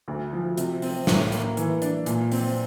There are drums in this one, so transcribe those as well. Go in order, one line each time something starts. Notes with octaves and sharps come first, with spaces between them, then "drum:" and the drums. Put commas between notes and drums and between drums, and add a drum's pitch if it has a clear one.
D2
F3
C3, drum: hi-hat
C4, drum: open hi-hat
A2, drum: snare
A#3, drum: hi-hat
E3, drum: hi-hat
D4, drum: hi-hat
A#2, drum: hi-hat
C4, drum: open hi-hat